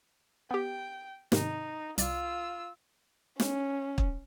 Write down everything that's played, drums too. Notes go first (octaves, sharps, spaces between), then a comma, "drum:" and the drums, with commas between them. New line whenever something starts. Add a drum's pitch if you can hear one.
B3 G4 G5
G#2 C3 D#3 D#4, drum: snare
C2 F4 D5 E6, drum: hi-hat
C#4, drum: snare
drum: kick